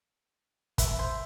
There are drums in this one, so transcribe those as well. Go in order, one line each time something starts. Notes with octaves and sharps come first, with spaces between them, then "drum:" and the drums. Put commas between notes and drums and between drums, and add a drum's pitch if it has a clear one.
B4 E5, drum: kick, hi-hat
C5